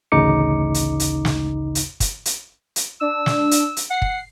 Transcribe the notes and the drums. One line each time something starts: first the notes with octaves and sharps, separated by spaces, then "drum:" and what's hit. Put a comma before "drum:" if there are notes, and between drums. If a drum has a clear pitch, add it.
A1 D2 C#3 D#4 D6 C#7
drum: hi-hat
drum: hi-hat
drum: snare
drum: hi-hat
drum: kick, hi-hat
drum: hi-hat
drum: hi-hat
D4 E6
drum: snare
drum: hi-hat
drum: hi-hat
F#5 C7
drum: kick